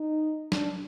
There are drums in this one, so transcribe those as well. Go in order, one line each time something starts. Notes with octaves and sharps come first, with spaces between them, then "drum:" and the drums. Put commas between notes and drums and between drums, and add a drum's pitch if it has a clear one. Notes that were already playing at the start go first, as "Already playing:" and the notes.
Already playing: D#4
D4, drum: snare